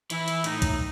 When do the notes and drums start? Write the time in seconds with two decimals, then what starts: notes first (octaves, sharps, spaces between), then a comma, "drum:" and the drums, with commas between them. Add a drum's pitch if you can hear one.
0.10 E3 E4, drum: hi-hat
0.28 drum: hi-hat
0.44 A2 D#4, drum: hi-hat
0.62 drum: kick, hi-hat